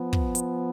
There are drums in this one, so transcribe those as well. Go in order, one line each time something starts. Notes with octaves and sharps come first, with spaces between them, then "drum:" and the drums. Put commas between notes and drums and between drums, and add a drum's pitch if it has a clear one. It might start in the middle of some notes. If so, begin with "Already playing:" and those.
Already playing: F3 B3
drum: kick
drum: hi-hat